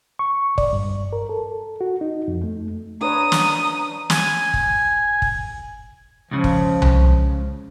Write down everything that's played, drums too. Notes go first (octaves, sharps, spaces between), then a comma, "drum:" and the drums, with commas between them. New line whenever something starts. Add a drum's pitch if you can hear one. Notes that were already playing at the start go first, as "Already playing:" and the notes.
C#6
D5, drum: kick
G2
A#4
A4
F#4
D#4
F2
A3
D4 B4 C#5 A#5 D#6
drum: snare
G#5, drum: snare
drum: kick
drum: kick
C#2 C#3 F3
drum: kick
drum: tom C2